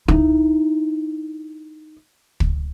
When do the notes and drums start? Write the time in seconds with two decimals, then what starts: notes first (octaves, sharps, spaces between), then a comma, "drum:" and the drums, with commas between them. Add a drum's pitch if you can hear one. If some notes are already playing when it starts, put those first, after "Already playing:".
0.08 D#4 E4, drum: kick
2.40 drum: kick